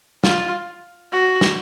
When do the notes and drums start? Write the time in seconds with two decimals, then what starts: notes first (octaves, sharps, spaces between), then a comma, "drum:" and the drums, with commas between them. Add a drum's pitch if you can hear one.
0.24 F4, drum: snare
1.12 F#4
1.41 drum: snare